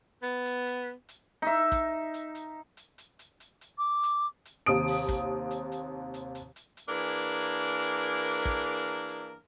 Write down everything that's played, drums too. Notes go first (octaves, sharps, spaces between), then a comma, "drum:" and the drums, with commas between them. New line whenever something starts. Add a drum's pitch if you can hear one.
B3, drum: hi-hat
drum: hi-hat
drum: hi-hat
drum: hi-hat
D#4 E5
drum: kick, hi-hat
drum: hi-hat
drum: hi-hat
drum: hi-hat
drum: hi-hat
drum: hi-hat
drum: hi-hat
drum: hi-hat
D6
drum: hi-hat
drum: hi-hat
D#2 C3 D#6 D7
drum: open hi-hat
drum: kick, hi-hat
drum: hi-hat
drum: hi-hat
drum: hi-hat
drum: hi-hat
drum: hi-hat
drum: hi-hat
E3 A#3 D4 G#4 A#4
drum: hi-hat
drum: hi-hat
drum: hi-hat
drum: open hi-hat
drum: kick, hi-hat
drum: hi-hat
drum: hi-hat